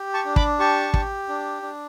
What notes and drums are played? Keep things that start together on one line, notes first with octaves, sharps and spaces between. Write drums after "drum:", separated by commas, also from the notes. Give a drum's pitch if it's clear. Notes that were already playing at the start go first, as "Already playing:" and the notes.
Already playing: G4
A5 C#6
D4
B5 D6, drum: kick
G4 A5 C#6
G4, drum: kick
D4
D4